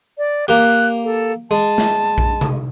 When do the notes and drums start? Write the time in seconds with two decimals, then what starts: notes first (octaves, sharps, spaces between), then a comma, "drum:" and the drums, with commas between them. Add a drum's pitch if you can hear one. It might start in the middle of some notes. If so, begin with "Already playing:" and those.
0.18 D5
0.48 A#3 G4 F#6
1.04 A4
1.51 G#3 A5
1.78 drum: snare
2.18 drum: kick A#1
2.41 drum: tom C3